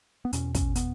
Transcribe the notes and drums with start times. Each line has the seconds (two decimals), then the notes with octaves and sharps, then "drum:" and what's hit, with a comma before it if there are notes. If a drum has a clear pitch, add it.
0.25 B3
0.33 E2 B2 C#4, drum: hi-hat
0.55 C#4, drum: kick, hi-hat
0.75 B3, drum: hi-hat